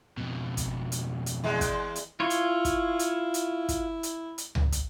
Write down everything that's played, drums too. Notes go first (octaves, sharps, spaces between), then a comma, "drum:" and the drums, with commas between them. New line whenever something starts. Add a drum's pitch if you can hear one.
F2 B2
drum: kick, hi-hat
drum: hi-hat
drum: hi-hat
E2 G#3
drum: kick, hi-hat
drum: hi-hat
E4 F4 C#5
drum: hi-hat
drum: kick, hi-hat
drum: hi-hat
drum: hi-hat
drum: kick, hi-hat
drum: hi-hat
drum: hi-hat
drum: tom C#2
drum: kick, hi-hat